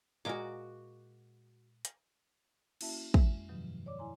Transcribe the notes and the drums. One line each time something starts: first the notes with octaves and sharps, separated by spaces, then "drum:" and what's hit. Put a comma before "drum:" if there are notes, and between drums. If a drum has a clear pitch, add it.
A#2 G#3 F#4 A#4 D6
drum: hi-hat
A#3 C#4 E4 F#4 E5 A5, drum: cymbal
F2 G#3 E5, drum: kick
G2 B2 D#3 F3 F#3
C#5 D5 D6
E4 G#5 A#5 C6